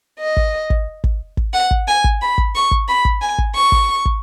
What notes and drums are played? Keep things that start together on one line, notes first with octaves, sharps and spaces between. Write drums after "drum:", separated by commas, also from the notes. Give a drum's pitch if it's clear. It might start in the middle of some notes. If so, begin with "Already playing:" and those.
D#5
drum: kick
drum: kick
drum: kick
drum: kick
F#5
drum: kick
G#5
drum: kick
B5
drum: kick
C#6
drum: kick
B5
drum: kick
G#5
drum: kick
C#6
drum: kick
drum: kick